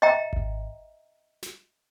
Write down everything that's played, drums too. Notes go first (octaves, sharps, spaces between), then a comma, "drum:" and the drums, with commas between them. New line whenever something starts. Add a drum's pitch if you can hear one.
D#5 E5 G5 A#5
drum: kick G#1
drum: snare